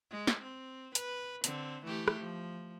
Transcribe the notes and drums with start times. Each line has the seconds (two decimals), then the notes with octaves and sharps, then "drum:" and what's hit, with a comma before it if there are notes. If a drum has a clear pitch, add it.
0.11 G#3
0.27 drum: snare
0.42 C4
0.95 B4, drum: hi-hat
1.44 D3 C4, drum: hi-hat
1.85 E3 A3 G4
2.08 drum: rim click
2.19 F3